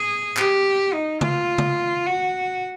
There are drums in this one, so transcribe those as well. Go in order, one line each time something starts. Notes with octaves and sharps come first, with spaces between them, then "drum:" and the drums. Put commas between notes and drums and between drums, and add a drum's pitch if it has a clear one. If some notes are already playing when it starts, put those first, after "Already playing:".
Already playing: G#4
G4, drum: clap
D#4
F4, drum: tom C#3
drum: tom C#3
F#4